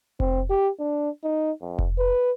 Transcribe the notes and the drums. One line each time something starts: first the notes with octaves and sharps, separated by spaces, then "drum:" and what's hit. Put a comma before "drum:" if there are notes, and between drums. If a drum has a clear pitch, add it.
C4, drum: kick F1
G4
D4
D#4
F2
drum: kick F1
B4